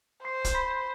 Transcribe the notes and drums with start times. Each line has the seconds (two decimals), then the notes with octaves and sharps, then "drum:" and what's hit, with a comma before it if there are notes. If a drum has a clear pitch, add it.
0.24 C5 C6 C7
0.44 drum: kick, hi-hat
0.54 B5 B6